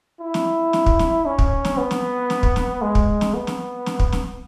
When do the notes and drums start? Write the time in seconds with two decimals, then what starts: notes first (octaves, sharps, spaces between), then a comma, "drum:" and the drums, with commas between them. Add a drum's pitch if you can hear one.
0.21 E4
0.34 drum: snare
0.73 drum: snare
0.86 drum: kick
0.99 drum: snare
1.26 C#4
1.38 drum: kick
1.65 drum: snare
1.77 B3
1.91 drum: snare
2.30 drum: snare
2.43 drum: kick
2.56 drum: snare
2.82 G#3
2.95 drum: kick
3.21 drum: snare
3.34 B3
3.47 drum: snare
3.86 drum: snare
3.99 drum: kick
4.12 drum: snare